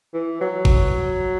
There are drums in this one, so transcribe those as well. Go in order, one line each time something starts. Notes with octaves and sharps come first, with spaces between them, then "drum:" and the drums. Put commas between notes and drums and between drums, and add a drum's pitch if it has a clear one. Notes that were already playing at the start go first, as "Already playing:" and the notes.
E3
F#3
drum: kick